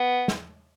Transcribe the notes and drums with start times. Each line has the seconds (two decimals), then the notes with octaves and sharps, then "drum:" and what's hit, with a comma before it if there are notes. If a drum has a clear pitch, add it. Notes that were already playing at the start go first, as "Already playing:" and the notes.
Already playing: B3
0.28 drum: snare